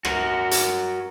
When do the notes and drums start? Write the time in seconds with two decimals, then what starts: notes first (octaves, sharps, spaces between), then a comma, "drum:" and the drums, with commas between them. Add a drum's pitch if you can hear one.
0.05 F#4 A#4, drum: rim click
0.51 drum: hi-hat